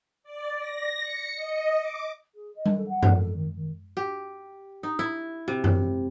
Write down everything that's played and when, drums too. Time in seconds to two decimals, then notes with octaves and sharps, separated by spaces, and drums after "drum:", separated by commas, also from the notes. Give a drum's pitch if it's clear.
0.23 D5
0.59 A#6
1.01 C#7
1.36 D#5
1.81 D6
2.34 G#4
2.55 D#5
2.66 drum: tom G3
2.77 A4
2.88 F#5
3.03 drum: tom F#2
3.15 A4
3.34 D#3
3.55 D#3
3.97 G4
4.83 D#4
4.99 E4
5.48 C3
5.64 drum: tom F#2